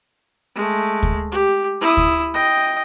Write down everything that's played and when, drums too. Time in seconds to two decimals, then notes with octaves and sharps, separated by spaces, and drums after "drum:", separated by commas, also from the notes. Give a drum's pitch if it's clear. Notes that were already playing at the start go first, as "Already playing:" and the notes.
0.55 G#3 A3
1.03 drum: kick
1.32 G4
1.81 E4 D#6
1.97 drum: kick
2.34 D#5 G5